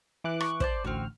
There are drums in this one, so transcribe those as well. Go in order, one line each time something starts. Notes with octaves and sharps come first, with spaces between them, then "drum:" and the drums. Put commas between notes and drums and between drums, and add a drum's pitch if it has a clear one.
E3 D6 F#6
C#6, drum: rim click
C5 D5 A5, drum: kick
A1 D2 C4 F#4 F6